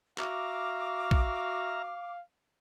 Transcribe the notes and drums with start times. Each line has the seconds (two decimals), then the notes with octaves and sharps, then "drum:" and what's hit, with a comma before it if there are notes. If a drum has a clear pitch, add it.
0.18 F#4 E5 F5 A#5 D6 F6, drum: clap
1.11 drum: kick